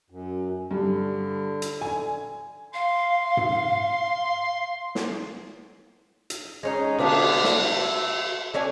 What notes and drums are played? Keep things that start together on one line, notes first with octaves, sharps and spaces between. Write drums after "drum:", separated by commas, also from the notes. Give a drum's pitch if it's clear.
F#2
G2 D3
drum: hi-hat
G#5
F5 C6
drum: tom G#2
drum: snare
drum: hi-hat
G#3 C#4 D#4
D3 A3 B3 D4, drum: cymbal
drum: snare
E5
A3 C#4 D4 G#5